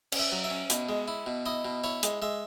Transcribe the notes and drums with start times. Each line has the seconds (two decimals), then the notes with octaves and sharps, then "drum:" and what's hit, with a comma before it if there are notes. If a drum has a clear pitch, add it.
0.12 C#4, drum: cymbal
0.19 E5
0.32 F#3
0.44 E5
0.50 C#4
0.70 B2, drum: hi-hat
0.89 G#3
1.08 E4
1.26 B2
1.46 E4 D#5
1.65 B2
1.84 E4 C#5
2.03 G#3, drum: hi-hat
2.22 G#3 E5